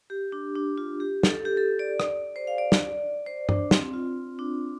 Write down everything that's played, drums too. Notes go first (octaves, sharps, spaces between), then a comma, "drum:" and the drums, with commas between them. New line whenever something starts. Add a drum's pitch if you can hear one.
G4
D4
D4
F4
G4
A4, drum: snare
G4
A4
D5
drum: rim click
C5
F5
D5
drum: snare
C5
D4, drum: tom G2
C4, drum: snare
F4
D4